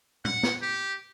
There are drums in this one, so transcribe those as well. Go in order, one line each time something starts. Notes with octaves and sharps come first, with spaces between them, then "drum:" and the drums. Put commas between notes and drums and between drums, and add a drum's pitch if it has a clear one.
F#5, drum: tom
drum: snare
G4